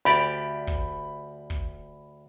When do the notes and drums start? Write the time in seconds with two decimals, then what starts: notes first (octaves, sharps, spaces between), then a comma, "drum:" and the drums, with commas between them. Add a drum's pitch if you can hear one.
0.05 D2 G4 D5 B5
0.67 drum: kick
1.50 drum: kick